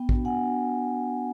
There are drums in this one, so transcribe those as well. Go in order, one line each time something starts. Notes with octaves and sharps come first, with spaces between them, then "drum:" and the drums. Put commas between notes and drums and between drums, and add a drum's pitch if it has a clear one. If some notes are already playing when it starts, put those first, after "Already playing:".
Already playing: B3 G5
D4 F#4, drum: kick
B3 F#5 G#5
D4 F#4